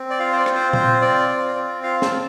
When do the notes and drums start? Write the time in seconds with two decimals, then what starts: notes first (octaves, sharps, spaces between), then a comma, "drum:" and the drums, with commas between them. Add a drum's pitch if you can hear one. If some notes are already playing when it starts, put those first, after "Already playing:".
Already playing: C4
0.10 D5
0.19 F4 F5
0.32 C5
0.37 D5
0.46 C4, drum: rim click
0.56 C5
0.73 F4 C5, drum: tom
1.01 C4 D5
1.28 F4
1.55 C4
1.83 F4 F5
2.02 A5, drum: snare
2.11 C4